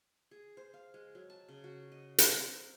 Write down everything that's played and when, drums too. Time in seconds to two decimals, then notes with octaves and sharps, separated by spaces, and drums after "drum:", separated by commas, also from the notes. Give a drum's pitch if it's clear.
0.31 G#4
0.57 C5
0.74 F5
0.94 G#3
1.15 F#3
1.30 A5
1.49 C#3
1.64 F#4
1.92 D#5
2.18 C4, drum: hi-hat
2.55 A#4